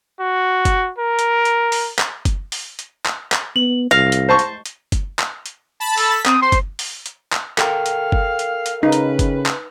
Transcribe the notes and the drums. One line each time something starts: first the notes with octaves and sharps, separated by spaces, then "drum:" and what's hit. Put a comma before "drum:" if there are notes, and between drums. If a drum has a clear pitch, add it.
F#4
drum: kick F#1, hi-hat
A#4
drum: hi-hat
drum: hi-hat
drum: open hi-hat
drum: clap
drum: kick F#1, hi-hat
drum: open hi-hat
drum: hi-hat
drum: clap
drum: clap
B3 F#7
C2 F5 A#6
drum: hi-hat
C5 A5 C#6
drum: hi-hat
drum: hi-hat
drum: kick F#1, hi-hat
drum: clap
drum: hi-hat
A5 B5 A6
A4, drum: open hi-hat
B6
C4 D#6, drum: clap
C5 C6
drum: kick F#1, hi-hat
drum: open hi-hat
drum: hi-hat
drum: clap
A4 A#4 F5 G5, drum: clap
drum: hi-hat
drum: kick F#1
drum: hi-hat
drum: hi-hat
C#3 D#4 B4
drum: hi-hat
drum: kick F#1, hi-hat
drum: clap